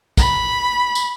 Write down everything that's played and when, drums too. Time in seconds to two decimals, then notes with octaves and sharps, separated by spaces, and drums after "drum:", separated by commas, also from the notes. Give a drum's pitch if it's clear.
0.17 B5, drum: kick, tambourine
0.95 drum: tambourine